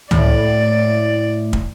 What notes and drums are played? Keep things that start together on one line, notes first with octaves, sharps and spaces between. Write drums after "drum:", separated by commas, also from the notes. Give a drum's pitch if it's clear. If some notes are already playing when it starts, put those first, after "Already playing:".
A2 D5, drum: tom C#2
drum: kick